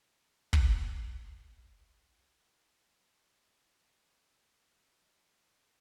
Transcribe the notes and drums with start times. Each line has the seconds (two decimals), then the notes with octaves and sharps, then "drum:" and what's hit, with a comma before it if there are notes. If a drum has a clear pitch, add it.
0.15 B6
0.53 drum: kick
1.99 A#6
2.25 E6
2.50 F6
4.85 F6
5.05 D#6
5.24 D6
5.43 C#6
5.62 D#6